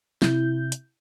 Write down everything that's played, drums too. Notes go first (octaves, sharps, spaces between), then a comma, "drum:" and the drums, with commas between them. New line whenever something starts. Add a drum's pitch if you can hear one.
C3 E4 G6, drum: snare
drum: hi-hat